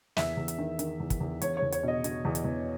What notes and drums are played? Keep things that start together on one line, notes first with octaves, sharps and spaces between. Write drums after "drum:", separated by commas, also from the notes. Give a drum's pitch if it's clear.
E2 E5, drum: snare
E2
drum: hi-hat
D#3
D#3, drum: hi-hat
E2
drum: kick, hi-hat
E2
E2 C#5, drum: hi-hat
C#5
E2
C#5, drum: hi-hat
B2 D#5
B2, drum: hi-hat
E2
drum: hi-hat
E2